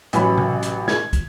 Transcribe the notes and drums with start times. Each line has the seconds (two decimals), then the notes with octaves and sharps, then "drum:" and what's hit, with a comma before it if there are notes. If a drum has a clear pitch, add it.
0.13 A1 E3 F#3 C#4 B4 B5, drum: hi-hat
0.38 drum: tom C3
0.63 drum: hi-hat
0.88 G#6, drum: snare
1.13 drum: kick, hi-hat